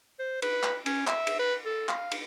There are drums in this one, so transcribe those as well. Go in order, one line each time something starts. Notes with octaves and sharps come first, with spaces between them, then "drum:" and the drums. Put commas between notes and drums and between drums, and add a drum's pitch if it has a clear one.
C5
B4, drum: cymbal
drum: clap
C#4, drum: cymbal
E5, drum: clap
drum: cymbal
B4
A4
F5, drum: clap
drum: cymbal